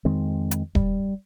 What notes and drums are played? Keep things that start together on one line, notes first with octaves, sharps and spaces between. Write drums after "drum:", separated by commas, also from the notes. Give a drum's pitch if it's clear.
F2 D#3 G#3 C4
drum: hi-hat
G3, drum: kick D#1